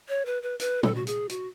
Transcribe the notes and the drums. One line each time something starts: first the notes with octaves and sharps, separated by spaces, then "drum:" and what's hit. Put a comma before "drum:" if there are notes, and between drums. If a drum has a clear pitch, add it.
C#5
B4
B4
B4, drum: hi-hat
A4, drum: tom
F#4
G#4, drum: hi-hat
F#4, drum: hi-hat